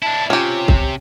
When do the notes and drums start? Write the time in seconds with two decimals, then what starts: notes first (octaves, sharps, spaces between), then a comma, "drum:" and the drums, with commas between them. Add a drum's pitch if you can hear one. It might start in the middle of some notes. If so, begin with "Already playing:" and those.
0.03 D4 E4 A5
0.30 C3 C#4 F4 G4
0.68 drum: kick C2